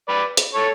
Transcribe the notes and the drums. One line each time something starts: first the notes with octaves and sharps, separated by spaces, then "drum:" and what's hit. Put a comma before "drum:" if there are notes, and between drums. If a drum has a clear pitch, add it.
B4 D5
drum: hi-hat
A4 C#5